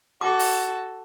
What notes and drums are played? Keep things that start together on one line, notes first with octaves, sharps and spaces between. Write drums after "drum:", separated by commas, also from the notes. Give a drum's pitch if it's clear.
F#4 A4 D6
drum: open hi-hat